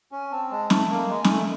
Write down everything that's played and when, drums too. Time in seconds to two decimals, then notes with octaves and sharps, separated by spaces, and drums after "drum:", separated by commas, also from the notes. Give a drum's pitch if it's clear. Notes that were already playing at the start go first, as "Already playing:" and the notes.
0.12 C#4 G#5
0.31 C4 A5
0.51 G#3 A5
0.70 A3 A5, drum: snare
0.90 A#3
1.10 G#3 G#5
1.24 G#3, drum: snare
1.29 A3